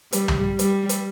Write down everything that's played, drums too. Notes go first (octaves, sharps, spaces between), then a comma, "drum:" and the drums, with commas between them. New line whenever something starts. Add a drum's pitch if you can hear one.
G3, drum: hi-hat
drum: tom
G3, drum: hi-hat
drum: hi-hat